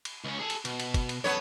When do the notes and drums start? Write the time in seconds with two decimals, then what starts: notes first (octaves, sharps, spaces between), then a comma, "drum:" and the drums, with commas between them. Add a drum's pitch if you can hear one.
0.05 drum: cymbal
0.24 C#2 C#4
0.39 G#4 A4
0.50 drum: cymbal
0.65 B2, drum: cymbal
0.80 drum: cymbal
0.94 drum: kick, cymbal
1.09 drum: cymbal
1.24 F#2 B3 A4 C#5